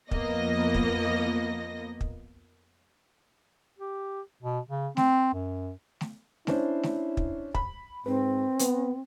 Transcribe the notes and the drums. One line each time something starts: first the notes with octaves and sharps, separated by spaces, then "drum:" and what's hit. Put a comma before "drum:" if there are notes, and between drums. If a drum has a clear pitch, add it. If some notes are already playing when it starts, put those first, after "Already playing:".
F2 F3 A#3 B3 D#5 A#6, drum: kick
drum: kick
drum: kick
G4
B2
C#3
C4, drum: snare
F#2
drum: snare
C#4 D4 E4 C5, drum: snare
drum: snare
drum: kick
B5, drum: kick
G#2 C4 B4
B3, drum: hi-hat